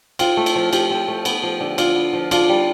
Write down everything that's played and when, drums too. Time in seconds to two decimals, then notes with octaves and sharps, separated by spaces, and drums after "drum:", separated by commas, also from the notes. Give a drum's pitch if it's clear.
0.19 C4 F4, drum: cymbal
0.37 A3
0.46 drum: cymbal
0.56 F3
0.73 F3 G4, drum: cymbal
0.90 C4
1.08 A3
1.25 B3, drum: cymbal
1.43 F3
1.60 D3
1.78 D3 F4, drum: cymbal
1.96 B3
2.13 F3
2.31 D4 F4, drum: cymbal
2.49 G3